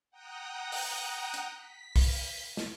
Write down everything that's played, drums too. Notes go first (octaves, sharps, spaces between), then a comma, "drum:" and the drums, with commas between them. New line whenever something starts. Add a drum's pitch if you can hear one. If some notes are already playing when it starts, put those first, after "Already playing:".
F#5 G5 A#5 D#6 F#6
drum: open hi-hat
drum: hi-hat
B6
drum: kick, open hi-hat
drum: snare